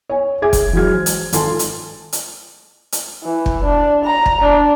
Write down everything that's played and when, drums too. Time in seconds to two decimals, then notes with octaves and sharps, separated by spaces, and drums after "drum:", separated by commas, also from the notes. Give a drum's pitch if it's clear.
0.10 C#5 G#5
0.42 G#4 E5 G#5 D6 G#6
0.53 drum: kick, hi-hat
0.73 E3 F#3 G#3 F6 G#6
0.95 C5
1.06 drum: hi-hat
1.33 G#1 F4 A4 G#5 A5 C6, drum: hi-hat
1.59 drum: hi-hat
2.13 drum: hi-hat
2.92 drum: hi-hat
3.24 E3
3.46 drum: kick
3.64 D4
4.05 A#5
4.26 drum: kick
4.41 D4